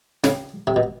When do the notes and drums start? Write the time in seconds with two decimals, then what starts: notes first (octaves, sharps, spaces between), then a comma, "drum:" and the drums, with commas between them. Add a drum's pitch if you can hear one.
0.24 C#3, drum: snare
0.67 C3
0.76 B2